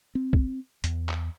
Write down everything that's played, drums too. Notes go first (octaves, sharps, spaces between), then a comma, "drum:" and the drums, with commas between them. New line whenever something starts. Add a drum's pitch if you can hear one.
C4
drum: kick
E2, drum: hi-hat
drum: clap